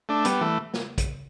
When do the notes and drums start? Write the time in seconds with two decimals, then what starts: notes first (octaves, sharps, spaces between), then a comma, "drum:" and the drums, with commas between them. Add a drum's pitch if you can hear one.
0.09 A3 D4
0.25 G3 B3, drum: hi-hat
0.41 E3 A3
0.74 drum: snare
0.98 drum: kick, hi-hat